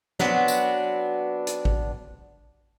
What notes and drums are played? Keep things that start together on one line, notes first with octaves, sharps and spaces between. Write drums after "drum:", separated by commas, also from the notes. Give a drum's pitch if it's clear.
F#3 B3 C4 D4, drum: snare
drum: tambourine
drum: hi-hat
drum: kick A1